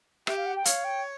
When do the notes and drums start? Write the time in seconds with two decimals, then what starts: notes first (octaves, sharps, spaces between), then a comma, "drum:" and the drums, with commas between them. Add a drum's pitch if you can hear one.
0.27 G4 E5, drum: rim click
0.37 F5
0.46 F#5
0.56 G5
0.65 C#5 F5, drum: hi-hat
0.85 G5